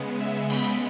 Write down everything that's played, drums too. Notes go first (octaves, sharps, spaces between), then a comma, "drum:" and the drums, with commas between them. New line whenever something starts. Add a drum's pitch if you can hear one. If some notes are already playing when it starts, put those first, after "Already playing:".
Already playing: C#3 G#3 B3
E5
B5, drum: cymbal